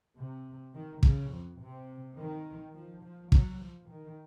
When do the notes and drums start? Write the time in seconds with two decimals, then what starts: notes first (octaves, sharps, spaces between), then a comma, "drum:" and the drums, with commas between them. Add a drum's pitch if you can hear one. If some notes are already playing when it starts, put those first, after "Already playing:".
0.16 C3
0.74 D#3
1.03 C#3, drum: kick
1.31 F2
1.60 C3
2.17 D#3
2.74 F3
3.04 F3
3.32 F#3, drum: kick
3.61 F3
3.90 D#3